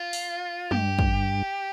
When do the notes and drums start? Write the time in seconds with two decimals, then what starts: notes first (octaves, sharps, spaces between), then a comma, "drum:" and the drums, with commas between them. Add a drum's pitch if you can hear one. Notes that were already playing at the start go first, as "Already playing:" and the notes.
Already playing: F4
0.13 drum: open hi-hat
0.71 G2 G4, drum: tom
0.99 drum: kick